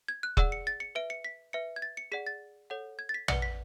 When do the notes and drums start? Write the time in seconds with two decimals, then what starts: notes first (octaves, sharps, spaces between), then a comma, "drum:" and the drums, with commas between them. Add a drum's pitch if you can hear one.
0.08 G#6
0.23 F#6
0.37 G#4 D5 F#5 E6, drum: kick E1
0.52 C#7
0.67 A6
0.80 C#7
0.95 B4 E5 D7
1.10 C#7
1.24 B6
1.53 B4 E5 C#7
1.76 G#6
1.82 A6
1.97 C#7
2.12 G#4 D5 F#5 B6
2.27 A6
2.70 A4 C#5 F#5
2.99 G#6
3.09 A6
3.14 B6
3.28 B4 D5 F#5 C#7, drum: tom
3.42 B6